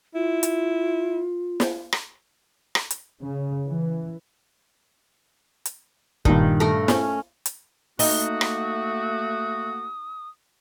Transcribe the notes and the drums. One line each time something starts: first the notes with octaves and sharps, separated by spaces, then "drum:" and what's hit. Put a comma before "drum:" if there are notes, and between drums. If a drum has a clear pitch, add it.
E4 F4
drum: hi-hat
drum: snare
drum: rim click
drum: rim click
drum: hi-hat
C#3
E3
drum: hi-hat
G2 A#2 D#3 D4, drum: kick
A3 A#4
C#4, drum: snare
drum: hi-hat
A3 A#3 D#4 F#4 D#6, drum: open hi-hat
drum: rim click